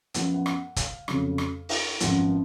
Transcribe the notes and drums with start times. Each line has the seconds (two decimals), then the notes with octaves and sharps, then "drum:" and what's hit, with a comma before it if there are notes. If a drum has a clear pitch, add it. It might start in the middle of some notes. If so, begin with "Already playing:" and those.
0.14 F#2 F3 B3 F#5, drum: hi-hat
0.34 F#5
0.46 F#5, drum: rim click
0.76 F5, drum: kick G1, hi-hat
1.08 F1 F2 C#3 F#3, drum: rim click
1.38 drum: rim click
1.69 drum: open hi-hat
2.00 G#1 F#2 F3 B3 F#5, drum: hi-hat